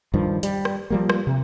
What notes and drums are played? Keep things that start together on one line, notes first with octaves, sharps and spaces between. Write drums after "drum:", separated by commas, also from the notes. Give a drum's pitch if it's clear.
G2 D#3 F3
G3, drum: hi-hat
drum: rim click
F3 G3 A#3
drum: rim click
C3